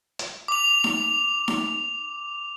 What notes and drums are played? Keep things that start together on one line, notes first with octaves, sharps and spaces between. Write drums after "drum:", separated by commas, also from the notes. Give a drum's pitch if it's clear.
drum: hi-hat
D6 F7
drum: snare D#4
drum: snare D#4